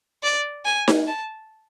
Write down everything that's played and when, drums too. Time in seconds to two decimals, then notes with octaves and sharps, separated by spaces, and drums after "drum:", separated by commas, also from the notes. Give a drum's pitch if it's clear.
0.23 D5
0.65 G#5
0.88 drum: snare D#4
1.07 A5